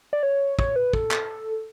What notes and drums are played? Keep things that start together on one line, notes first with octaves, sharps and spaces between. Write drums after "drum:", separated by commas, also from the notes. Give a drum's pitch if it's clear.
D5
C#5
C#5, drum: kick
B4
A4, drum: kick
drum: clap